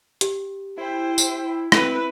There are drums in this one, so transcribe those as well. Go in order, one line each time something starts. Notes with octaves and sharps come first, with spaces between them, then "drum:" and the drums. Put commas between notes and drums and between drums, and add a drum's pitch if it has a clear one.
G4, drum: hi-hat
E4 C5 G5
drum: tambourine
C4 E4 B4, drum: rim click